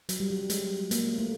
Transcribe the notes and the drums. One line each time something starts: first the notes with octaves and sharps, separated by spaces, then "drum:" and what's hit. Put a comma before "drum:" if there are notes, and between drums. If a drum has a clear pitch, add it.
F#3, drum: hi-hat
G3
F#3
G#3, drum: hi-hat
A#3, drum: hi-hat
A3